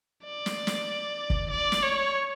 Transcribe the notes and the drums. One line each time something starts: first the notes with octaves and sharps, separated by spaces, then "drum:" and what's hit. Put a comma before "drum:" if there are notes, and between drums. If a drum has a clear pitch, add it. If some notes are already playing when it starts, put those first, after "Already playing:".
D5
drum: snare
drum: snare
drum: kick
D5
drum: snare
C#5